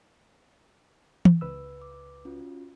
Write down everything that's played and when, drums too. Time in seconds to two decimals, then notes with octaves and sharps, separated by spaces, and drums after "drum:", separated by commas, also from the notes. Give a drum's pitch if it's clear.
1.25 drum: tom E3
1.41 C#2 B4 E6
1.82 D6
2.25 C#4 F4 F#4